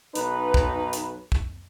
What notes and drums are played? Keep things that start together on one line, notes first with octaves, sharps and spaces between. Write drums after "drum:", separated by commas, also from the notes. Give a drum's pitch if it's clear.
B1 D#4 B4, drum: hi-hat
drum: kick
drum: hi-hat
drum: kick